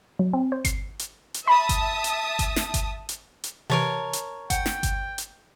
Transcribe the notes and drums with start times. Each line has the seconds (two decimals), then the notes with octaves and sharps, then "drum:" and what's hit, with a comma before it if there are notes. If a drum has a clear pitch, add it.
0.19 F#3
0.33 C4
0.52 C5
0.65 C7, drum: kick G1, hi-hat
0.99 drum: hi-hat
1.34 drum: hi-hat
1.47 E5 A5 B5 D#6
1.69 drum: kick G1, hi-hat
2.04 drum: hi-hat
2.39 drum: kick G1, hi-hat
2.56 drum: snare
2.74 drum: kick G1, hi-hat
3.09 drum: hi-hat
3.44 drum: hi-hat
3.70 C3 E3 A#4 C#5 A5
4.13 drum: hi-hat
4.50 F#5 G5, drum: kick G1, hi-hat
4.66 drum: snare
4.83 drum: kick G1, hi-hat
5.18 drum: hi-hat